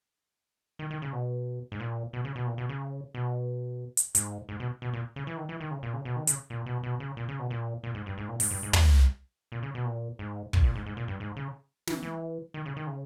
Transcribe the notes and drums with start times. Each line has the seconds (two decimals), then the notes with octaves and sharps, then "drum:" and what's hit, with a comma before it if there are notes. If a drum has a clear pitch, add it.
0.79 D#3
0.91 D#3
1.02 C#3
1.13 B2
1.72 G#2
1.80 A#2
2.13 B2
2.25 C#3
2.36 B2
2.47 A#2
2.58 B2
2.69 C#3
3.15 B2
3.97 drum: hi-hat
4.15 G#2, drum: hi-hat
4.49 G#2
4.60 B2
4.82 B2
4.93 A#2
5.16 C#3
5.27 E3
5.37 D#3
5.49 E3
5.61 D#3
5.71 C#3
5.83 A#2
5.94 C#3
6.05 B2
6.16 D#3
6.27 C#3, drum: hi-hat
6.50 A#2
6.66 B2
6.83 B2
7.00 C#3
7.17 A#2
7.29 C#3
7.39 B2
7.50 A#2
7.84 A#2
7.95 G#2
8.06 G2
8.18 G#2
8.28 A#2
8.40 G#2, drum: open hi-hat
8.51 G2
8.63 G#2
8.73 G2, drum: tom
9.52 A#2
9.63 C#3
9.75 B2
9.85 A#2
10.19 G#2
10.53 A#2, drum: kick
10.64 A#2
10.76 G#2
10.86 G#2
10.97 A#2
11.08 G2
11.20 G#2
11.36 C#3
11.87 E3, drum: snare
12.02 E3
12.54 D#3
12.65 C#3
12.76 D#3
12.87 C#3